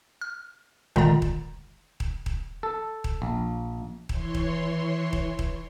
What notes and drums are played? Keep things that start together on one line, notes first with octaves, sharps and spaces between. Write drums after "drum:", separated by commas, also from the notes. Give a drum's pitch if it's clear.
F6
A#2 D3 D#3 G#3 A#5 A6, drum: kick D#1
drum: kick D#1
drum: kick D#1
drum: kick D#1
A4
drum: kick D#1
A#1
E3 C#5 C6, drum: kick D#1
drum: kick D#1
drum: kick D#1
drum: kick D#1